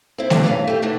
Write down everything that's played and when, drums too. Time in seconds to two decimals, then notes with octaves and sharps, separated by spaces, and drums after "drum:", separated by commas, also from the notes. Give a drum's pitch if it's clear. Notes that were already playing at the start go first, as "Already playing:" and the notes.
0.18 C4 E4
0.30 D3 F3 G3 A3 B3 D4, drum: snare A3
0.43 G2 C#3 E3 A#4 B4 F5
0.67 A3 G4
0.82 B2 E3 A3 D4